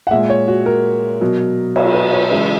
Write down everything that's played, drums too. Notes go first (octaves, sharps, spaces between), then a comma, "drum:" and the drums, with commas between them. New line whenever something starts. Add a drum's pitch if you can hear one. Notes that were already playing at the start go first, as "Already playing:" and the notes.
F#5
A#2 G#3 E5
C#5
F#4
A#4
B2 F#3
C#5, drum: cymbal
B4
C#5
C#3 E3 G#3 E5